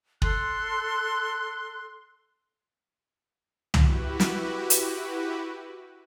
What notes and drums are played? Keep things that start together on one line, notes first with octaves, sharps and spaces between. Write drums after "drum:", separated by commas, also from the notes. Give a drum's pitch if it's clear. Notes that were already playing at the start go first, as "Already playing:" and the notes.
A4 C6 F#6, drum: kick
E4 F#4 G4 B4, drum: tom
drum: snare
drum: hi-hat